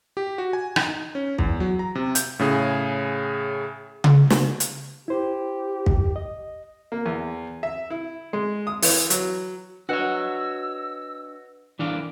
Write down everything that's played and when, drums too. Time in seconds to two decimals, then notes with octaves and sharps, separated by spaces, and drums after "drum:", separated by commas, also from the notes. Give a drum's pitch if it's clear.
0.17 G4
0.38 F#4
0.53 G#5
0.76 D#4, drum: rim click
1.15 C#4
1.39 E2, drum: kick
1.60 F#3
1.79 A#5
1.95 C3
2.15 G6, drum: hi-hat
2.39 A2 C#3 G#4
4.04 drum: tom C#3
4.30 drum: snare
4.60 drum: hi-hat
5.08 E4 G4 C5
5.86 F#2, drum: kick
6.16 D#5
6.92 A#3
7.06 E2
7.63 E5
7.90 E4
8.33 G#3
8.67 D#6
8.82 E3, drum: open hi-hat
9.10 F#3, drum: hi-hat
9.89 D4 F#4 B4 C#5 D#5 F#5 E6
11.79 E3 D4 F5 D6